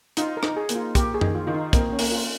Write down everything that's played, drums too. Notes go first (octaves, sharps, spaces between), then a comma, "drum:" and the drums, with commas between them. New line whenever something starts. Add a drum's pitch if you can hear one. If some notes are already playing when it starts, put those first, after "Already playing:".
D#4 F4, drum: hi-hat
A#4
D#4, drum: rim click
G#4
A#3, drum: hi-hat
F4
A#3 G4, drum: kick, hi-hat
G#4
D#3, drum: tom
F4
D#3 F4
D#4
A#3 C4, drum: kick, hi-hat
C#4
A#3, drum: open hi-hat
F4